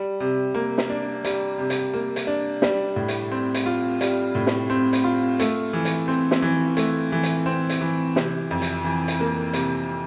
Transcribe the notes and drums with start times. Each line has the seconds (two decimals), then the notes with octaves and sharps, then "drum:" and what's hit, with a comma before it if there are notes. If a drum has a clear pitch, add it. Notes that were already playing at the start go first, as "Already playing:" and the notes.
Already playing: G3
0.20 C3
0.55 A#3
0.78 drum: snare
0.90 D4
1.24 G3, drum: hi-hat
1.58 C3
1.70 drum: hi-hat
1.94 A#3
2.16 drum: hi-hat
2.27 D4
2.62 G3, drum: snare
2.96 A2
3.08 drum: hi-hat
3.31 C4
3.54 drum: hi-hat
3.66 F4
4.01 G3, drum: hi-hat
4.35 A2
4.47 drum: snare
4.70 C4
4.93 drum: hi-hat
5.04 F4
5.40 A3, drum: hi-hat
5.73 E3
5.85 drum: hi-hat
6.08 C4
6.31 drum: snare
6.42 E3
6.77 A3, drum: hi-hat
7.12 E3
7.23 drum: hi-hat
7.46 C4
7.70 drum: hi-hat
7.81 E3
8.16 C3, drum: snare
8.51 F2
8.62 drum: hi-hat
8.84 E3
9.08 drum: hi-hat
9.20 A#3
9.53 C3, drum: hi-hat